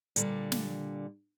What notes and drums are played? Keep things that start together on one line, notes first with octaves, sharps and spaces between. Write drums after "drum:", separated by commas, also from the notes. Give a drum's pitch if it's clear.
A#2 D3 G3, drum: hi-hat
drum: snare